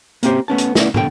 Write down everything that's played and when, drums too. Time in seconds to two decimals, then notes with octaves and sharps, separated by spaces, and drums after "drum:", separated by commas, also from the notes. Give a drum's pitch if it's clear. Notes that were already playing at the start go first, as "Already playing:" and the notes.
0.23 A#3 C4 C#4 G4 C5, drum: hi-hat
0.48 A3 B3 C#4 A5
0.58 drum: hi-hat
0.75 A3 B3 C#4 E4 D5, drum: snare
0.94 F2 B2 D3 G4 G5, drum: tom